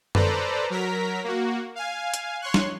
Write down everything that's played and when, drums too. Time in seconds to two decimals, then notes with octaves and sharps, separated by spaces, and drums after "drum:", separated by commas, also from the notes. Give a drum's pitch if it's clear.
0.15 A4 B4 C5 D5 A#5, drum: tom F#2
0.70 F#3 A#4 A#5 B6
1.24 A#3 F#4
1.75 F5 G#5
2.14 drum: hi-hat
2.41 C#5 C6 C#6 F#6
2.54 drum: snare